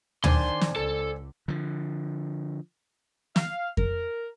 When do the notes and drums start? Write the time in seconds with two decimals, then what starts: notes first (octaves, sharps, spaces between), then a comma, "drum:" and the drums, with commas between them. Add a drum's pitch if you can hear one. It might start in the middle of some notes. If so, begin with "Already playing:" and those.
0.24 D#3 D4 C5 D5 G#5 C6, drum: tom
0.61 drum: snare
0.76 C#2 A4
1.48 D3 F3
3.36 F5, drum: snare
3.77 A#4, drum: kick F2